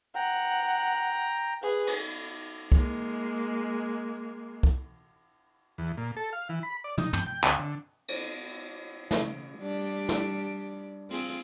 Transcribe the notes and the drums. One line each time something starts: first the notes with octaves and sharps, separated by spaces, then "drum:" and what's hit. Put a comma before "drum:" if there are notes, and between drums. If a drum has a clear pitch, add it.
F#5 G5 A#5
G#4 B4
drum: cymbal
G#3 A#3, drum: kick
drum: kick
E2
A#2
A4
F5
E3
B5
D5
D#4, drum: tom
G5, drum: tom
G5
D2, drum: clap
D3
drum: cymbal
C#3, drum: snare
G3 D4
drum: snare
C4 F4 G#4, drum: open hi-hat